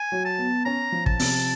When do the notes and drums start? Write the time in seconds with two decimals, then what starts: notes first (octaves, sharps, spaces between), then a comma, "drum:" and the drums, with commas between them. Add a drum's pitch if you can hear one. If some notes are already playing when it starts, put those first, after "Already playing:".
Already playing: G#5
0.12 F#3
0.25 A5
0.39 B3
0.65 C#4 A#5
0.92 F3
1.06 A5, drum: kick
1.20 C3, drum: open hi-hat